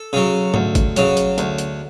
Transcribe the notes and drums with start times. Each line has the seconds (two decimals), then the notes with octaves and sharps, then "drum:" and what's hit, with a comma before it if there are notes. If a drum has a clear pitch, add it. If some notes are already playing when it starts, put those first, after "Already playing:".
Already playing: A4
0.13 C#3 F#3
0.54 D2, drum: tom G#2
0.75 drum: kick G#1, hi-hat
0.96 C#3 F#3, drum: hi-hat
1.17 drum: hi-hat
1.38 D2, drum: hi-hat
1.58 drum: hi-hat